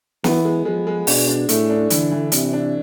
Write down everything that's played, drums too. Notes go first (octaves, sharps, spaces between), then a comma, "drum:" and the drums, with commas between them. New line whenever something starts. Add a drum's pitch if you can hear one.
E3 B3, drum: snare
G#3
F3 G#3
G#3
B2 D4, drum: open hi-hat
D4
A2 A3, drum: hi-hat
D4
D3 E3, drum: hi-hat
E3
C3 D4, drum: hi-hat
D4